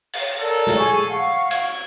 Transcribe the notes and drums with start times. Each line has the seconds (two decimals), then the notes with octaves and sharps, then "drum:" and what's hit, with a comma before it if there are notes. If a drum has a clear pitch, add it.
0.13 drum: cymbal
0.40 A4 A#4 D5
0.67 drum: snare
0.77 G#4 G#5 C#6
1.09 F5 F#5 C#6
1.51 G#6, drum: cymbal